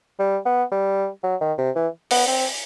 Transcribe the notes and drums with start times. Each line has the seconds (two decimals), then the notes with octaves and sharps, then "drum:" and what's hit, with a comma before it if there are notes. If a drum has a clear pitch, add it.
0.19 G3
0.46 B3
0.71 G3
1.23 F#3
1.41 D#3
1.58 C3
1.75 E3
2.11 B3, drum: open hi-hat
2.27 C4